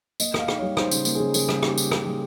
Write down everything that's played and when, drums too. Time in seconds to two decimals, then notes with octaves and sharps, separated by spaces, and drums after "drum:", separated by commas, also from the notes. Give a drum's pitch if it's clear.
0.20 A#3 D#5, drum: tambourine
0.34 A#3 F5, drum: rim click
0.48 D#4, drum: rim click
0.58 G3 C#5
0.77 D#4 C5, drum: rim click
0.91 C#3, drum: tambourine
1.05 A#3, drum: tambourine
1.15 C#3 G#4
1.34 A#3 G#4, drum: tambourine
1.49 G3, drum: rim click
1.63 D#4 G4, drum: rim click
1.78 D#4, drum: tambourine
1.91 C#3, drum: rim click
2.06 G3